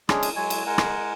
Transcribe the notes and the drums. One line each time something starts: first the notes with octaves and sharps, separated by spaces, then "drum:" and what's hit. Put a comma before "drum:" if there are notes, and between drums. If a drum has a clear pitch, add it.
G#3 C#4 D4 G#4, drum: rim click
drum: cymbal
F#3 G#3 C#5 G#5
drum: cymbal
G#3 A#4 F#5 G#5
drum: rim click